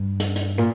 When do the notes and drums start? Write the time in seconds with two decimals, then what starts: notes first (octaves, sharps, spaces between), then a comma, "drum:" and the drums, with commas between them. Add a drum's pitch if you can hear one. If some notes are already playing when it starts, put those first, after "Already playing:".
Already playing: G2
0.20 drum: hi-hat
0.36 drum: hi-hat
0.58 A#2